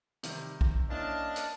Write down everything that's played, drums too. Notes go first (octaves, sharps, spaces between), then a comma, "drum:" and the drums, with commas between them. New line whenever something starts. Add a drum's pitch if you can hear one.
C3 D#3 G3, drum: hi-hat
drum: kick
A#3 C#4 D4 E4 D#5 F5 A5
drum: hi-hat